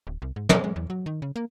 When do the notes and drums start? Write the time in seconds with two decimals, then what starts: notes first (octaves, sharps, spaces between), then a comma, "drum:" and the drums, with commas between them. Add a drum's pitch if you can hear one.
0.07 D1
0.22 C2
0.36 G#2
0.49 B2, drum: tom
0.64 G#3
0.76 E2
0.90 F#3
1.06 D#3
1.22 C#3
1.36 A#3